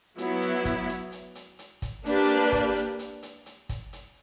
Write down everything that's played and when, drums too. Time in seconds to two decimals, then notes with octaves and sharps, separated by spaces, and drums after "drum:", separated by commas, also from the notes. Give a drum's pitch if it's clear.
0.18 F#3 B3 E4, drum: hi-hat
0.42 drum: hi-hat
0.65 drum: kick, hi-hat
0.89 drum: hi-hat
1.12 drum: hi-hat
1.35 drum: hi-hat
1.59 drum: hi-hat
1.82 drum: kick, hi-hat
2.06 A#3 D4 G4 B4, drum: hi-hat
2.29 drum: hi-hat
2.52 drum: kick, hi-hat
2.76 drum: hi-hat
2.99 drum: hi-hat
3.23 drum: hi-hat
3.46 drum: hi-hat
3.69 drum: kick, hi-hat
3.93 drum: hi-hat